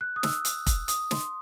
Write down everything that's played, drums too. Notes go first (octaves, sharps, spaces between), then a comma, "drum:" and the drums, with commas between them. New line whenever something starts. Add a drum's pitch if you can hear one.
F#6
D#6
E6, drum: snare
drum: hi-hat
drum: kick F1, hi-hat
D#6, drum: hi-hat
C6, drum: snare